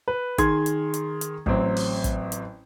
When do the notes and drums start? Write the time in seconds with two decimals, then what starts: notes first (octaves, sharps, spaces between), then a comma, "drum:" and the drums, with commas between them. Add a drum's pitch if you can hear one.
0.08 B4
0.38 D#3 G#4 C6 G#6, drum: kick, hi-hat
0.66 drum: hi-hat
0.94 drum: hi-hat
1.21 drum: hi-hat
1.46 A1 F#3 C4, drum: kick
1.76 drum: open hi-hat
2.04 drum: kick, hi-hat
2.32 drum: hi-hat